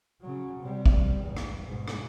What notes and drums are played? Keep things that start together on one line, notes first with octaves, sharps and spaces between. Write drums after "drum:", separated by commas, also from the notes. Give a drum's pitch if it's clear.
C#3 F#3
C3 G3
drum: kick
E2 G#2
drum: rim click
G#2 B2
drum: rim click